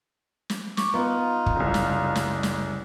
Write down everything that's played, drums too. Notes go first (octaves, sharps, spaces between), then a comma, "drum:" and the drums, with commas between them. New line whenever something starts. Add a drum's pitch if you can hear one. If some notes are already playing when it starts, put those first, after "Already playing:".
drum: snare
C#6 D6, drum: snare
B3 D#4 F4
drum: kick
F#1 C2
drum: snare
drum: snare
drum: snare